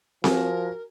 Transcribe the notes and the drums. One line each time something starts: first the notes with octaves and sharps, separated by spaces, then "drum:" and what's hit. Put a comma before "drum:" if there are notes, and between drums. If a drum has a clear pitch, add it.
F3 F#4 A#4 G#5, drum: snare C4